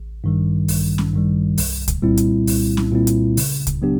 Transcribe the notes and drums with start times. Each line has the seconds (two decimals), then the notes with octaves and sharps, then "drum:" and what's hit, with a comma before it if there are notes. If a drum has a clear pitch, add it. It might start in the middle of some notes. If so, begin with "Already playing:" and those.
Already playing: A1
0.24 G2 D#3 G3
0.68 A1, drum: open hi-hat
0.98 drum: snare C#4
1.13 G2 D#3 G3
1.58 C2, drum: open hi-hat
1.88 drum: kick C#2, hi-hat
2.02 A#2 G3 C4 E4
2.17 drum: hi-hat
2.47 C2, drum: open hi-hat
2.77 drum: snare C#4
2.92 A#2 G3 C4 E4
3.07 drum: hi-hat
3.37 C#3, drum: open hi-hat
3.67 drum: kick C#2, hi-hat
3.82 F#3 B3 D4 G4